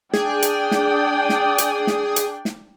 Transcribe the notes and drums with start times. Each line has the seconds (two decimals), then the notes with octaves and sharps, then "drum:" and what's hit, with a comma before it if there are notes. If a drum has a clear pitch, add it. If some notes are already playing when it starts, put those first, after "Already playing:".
0.13 D4 G#4 D5 G5, drum: snare
0.42 drum: hi-hat
0.71 drum: snare
1.29 drum: snare
1.58 drum: hi-hat
1.87 drum: snare
2.16 drum: hi-hat
2.45 drum: snare